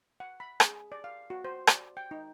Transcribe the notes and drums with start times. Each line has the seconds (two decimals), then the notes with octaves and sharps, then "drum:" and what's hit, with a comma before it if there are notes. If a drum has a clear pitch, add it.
0.20 F#5
0.40 B5
0.60 G#4, drum: rim click
0.92 D5
1.04 F5
1.30 F#4
1.45 C5
1.67 D5, drum: rim click
1.97 G5
2.11 D#4